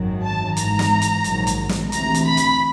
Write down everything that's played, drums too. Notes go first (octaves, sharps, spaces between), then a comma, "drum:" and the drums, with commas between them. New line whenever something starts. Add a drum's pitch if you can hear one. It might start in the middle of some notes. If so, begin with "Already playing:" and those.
Already playing: G#1 F#2 D#3 F#3
A5
G#1 G#2 E3 A#5, drum: hi-hat
drum: snare
drum: hi-hat
A#1 G#2 D#3 F#3, drum: hi-hat
drum: hi-hat
drum: snare
D2 C3 E3 A#5, drum: hi-hat
drum: hi-hat
B5
drum: hi-hat